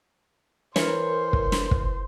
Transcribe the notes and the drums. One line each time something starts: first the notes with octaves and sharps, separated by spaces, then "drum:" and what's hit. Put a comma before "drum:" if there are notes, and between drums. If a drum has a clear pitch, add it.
E3 A#4 C5 C#5, drum: snare
drum: kick
drum: snare
drum: kick